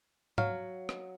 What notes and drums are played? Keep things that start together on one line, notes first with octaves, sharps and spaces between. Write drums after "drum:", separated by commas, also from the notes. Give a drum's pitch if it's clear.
F#3 F5, drum: tom G#2
drum: rim click